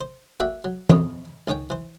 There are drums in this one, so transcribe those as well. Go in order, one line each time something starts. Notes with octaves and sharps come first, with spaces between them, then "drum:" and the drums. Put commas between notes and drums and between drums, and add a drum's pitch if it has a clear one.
C5
A#3 F#4 D5 E5 G5
F#3
F2 C5 C#5 D#6, drum: tom E3
C#2 D#3 C#4 C#5 G5
E3 C5